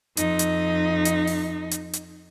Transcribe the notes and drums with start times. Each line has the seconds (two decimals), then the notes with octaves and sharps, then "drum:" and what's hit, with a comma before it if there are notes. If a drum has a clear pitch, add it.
0.17 F2 D#4, drum: hi-hat
0.39 drum: hi-hat
1.05 drum: hi-hat
1.27 drum: open hi-hat
1.71 drum: hi-hat
1.93 drum: hi-hat